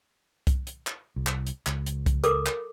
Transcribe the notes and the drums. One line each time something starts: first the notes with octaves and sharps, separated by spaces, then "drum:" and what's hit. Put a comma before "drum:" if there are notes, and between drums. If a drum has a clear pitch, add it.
drum: kick C2, hi-hat
drum: hi-hat
drum: clap
C2
drum: clap
drum: hi-hat
C#2, drum: clap
drum: hi-hat
drum: kick C2, hi-hat
A4 A#4 D6, drum: hi-hat
drum: clap